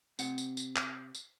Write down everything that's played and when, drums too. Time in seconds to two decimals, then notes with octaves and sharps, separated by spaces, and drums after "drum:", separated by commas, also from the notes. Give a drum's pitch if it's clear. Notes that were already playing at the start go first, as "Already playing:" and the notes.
0.19 C3 C4 F#5, drum: tambourine
0.38 drum: tambourine
0.57 drum: tambourine
0.76 drum: clap
1.15 drum: tambourine